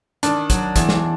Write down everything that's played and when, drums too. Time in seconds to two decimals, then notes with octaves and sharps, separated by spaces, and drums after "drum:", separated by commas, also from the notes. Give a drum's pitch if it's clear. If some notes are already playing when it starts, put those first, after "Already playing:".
0.23 D#3 D4, drum: hi-hat
0.50 F#3, drum: kick, hi-hat
0.76 E2, drum: kick, hi-hat
0.89 drum: snare